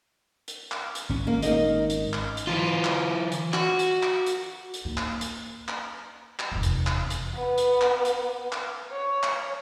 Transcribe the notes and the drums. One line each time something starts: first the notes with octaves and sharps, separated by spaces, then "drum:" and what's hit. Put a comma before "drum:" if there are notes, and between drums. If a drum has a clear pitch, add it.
drum: hi-hat
drum: clap
drum: hi-hat
G#1 C#4
A#3
D#4 A#4 D#5, drum: hi-hat
drum: hi-hat
drum: clap
drum: hi-hat
E3 F4
drum: clap
drum: hi-hat
F#4, drum: clap
drum: hi-hat
drum: clap
drum: hi-hat
drum: hi-hat
A#3 D#4
drum: clap
drum: hi-hat
drum: clap
drum: clap
F1 E2
drum: hi-hat
drum: clap
drum: hi-hat
B3
drum: hi-hat
drum: clap
drum: hi-hat
drum: clap
C#5
drum: clap